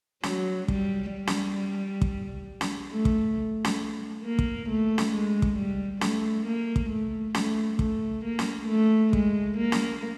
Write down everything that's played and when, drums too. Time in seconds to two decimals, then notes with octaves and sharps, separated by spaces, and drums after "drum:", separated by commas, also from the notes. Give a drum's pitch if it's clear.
0.23 F#3, drum: snare
0.68 G3, drum: kick
1.13 G3
1.27 drum: snare
2.02 drum: kick
2.61 drum: snare
2.91 A3
3.05 drum: kick
3.65 drum: snare
4.24 A#3
4.39 drum: kick
4.69 A3
4.98 drum: snare
5.13 G#3
5.42 drum: kick
5.57 G3
6.01 A3, drum: snare
6.46 A#3
6.76 drum: kick
6.90 A3
7.34 A3, drum: snare
7.79 A3, drum: kick
8.24 A#3
8.39 drum: snare
8.68 A3
9.13 G#3, drum: kick
9.57 A#3
9.72 drum: snare